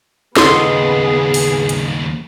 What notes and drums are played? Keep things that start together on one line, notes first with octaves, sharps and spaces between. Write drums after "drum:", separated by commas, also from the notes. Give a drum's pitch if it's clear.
D#2 C#3 B3 G#4 A4 D#5 C6, drum: snare
drum: open hi-hat
drum: hi-hat